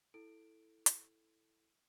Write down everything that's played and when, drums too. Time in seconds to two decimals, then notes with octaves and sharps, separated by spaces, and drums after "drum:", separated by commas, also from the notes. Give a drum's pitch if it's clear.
0.14 E4 A4 D7
0.86 drum: hi-hat